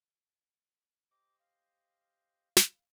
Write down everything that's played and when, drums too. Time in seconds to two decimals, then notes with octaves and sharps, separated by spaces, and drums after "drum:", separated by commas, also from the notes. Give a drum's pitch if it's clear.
1.11 G4 C5 D#5 D6
1.39 F5
2.57 drum: snare